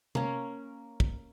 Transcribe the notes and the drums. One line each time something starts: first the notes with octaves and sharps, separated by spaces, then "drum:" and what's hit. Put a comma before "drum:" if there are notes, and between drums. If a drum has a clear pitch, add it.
A#3 C#4, drum: tom
drum: kick